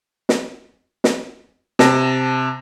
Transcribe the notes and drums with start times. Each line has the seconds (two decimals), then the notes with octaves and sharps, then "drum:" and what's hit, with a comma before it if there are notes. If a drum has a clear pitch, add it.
0.29 drum: snare
1.04 drum: snare
1.79 C3 A5 A#6, drum: snare